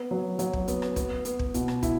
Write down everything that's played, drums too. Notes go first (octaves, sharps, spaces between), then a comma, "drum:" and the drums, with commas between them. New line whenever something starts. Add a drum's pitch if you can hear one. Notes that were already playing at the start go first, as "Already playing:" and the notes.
Already playing: B3
F#3
F#3, drum: hi-hat
drum: kick
B3, drum: hi-hat
drum: rim click
B3, drum: kick, hi-hat
B3, drum: hi-hat
drum: kick
B2, drum: hi-hat
drum: rim click
E4, drum: kick, hi-hat